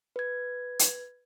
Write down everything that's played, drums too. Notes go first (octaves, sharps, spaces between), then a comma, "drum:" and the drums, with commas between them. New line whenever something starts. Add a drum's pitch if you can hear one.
B4 G#6
drum: hi-hat